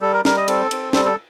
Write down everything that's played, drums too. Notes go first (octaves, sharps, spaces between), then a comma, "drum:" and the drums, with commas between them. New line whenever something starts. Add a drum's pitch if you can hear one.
G3 A4
A#4
G3 A#4, drum: snare
D#5
C4 A4, drum: cymbal
C4, drum: cymbal
G3 A4, drum: snare
A4